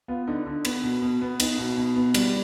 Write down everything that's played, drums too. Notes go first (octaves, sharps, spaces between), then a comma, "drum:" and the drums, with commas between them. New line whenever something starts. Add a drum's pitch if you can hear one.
B3 F4
D3 D#4
D3
B3, drum: cymbal
B2
B2
B3
B3 D#4, drum: cymbal
B2
B2
B3
G3, drum: cymbal